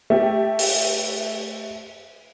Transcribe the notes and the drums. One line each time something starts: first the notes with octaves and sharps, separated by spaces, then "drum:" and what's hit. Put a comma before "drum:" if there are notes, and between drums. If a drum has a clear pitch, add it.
A3 G4
drum: open hi-hat